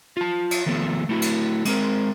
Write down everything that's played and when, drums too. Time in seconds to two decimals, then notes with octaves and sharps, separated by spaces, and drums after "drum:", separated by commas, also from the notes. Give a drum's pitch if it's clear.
0.17 F4 A5
0.51 drum: cymbal
0.66 D#3 F3 A3 B3
1.09 A3 E4 F#4
1.22 drum: cymbal
1.65 G#3 C4 A#4, drum: cymbal